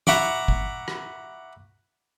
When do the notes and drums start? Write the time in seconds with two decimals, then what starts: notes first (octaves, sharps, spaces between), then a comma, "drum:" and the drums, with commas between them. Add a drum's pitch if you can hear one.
0.07 E5 F#5 A#5 B5 C#6 D6, drum: snare
0.48 drum: kick
0.88 drum: rim click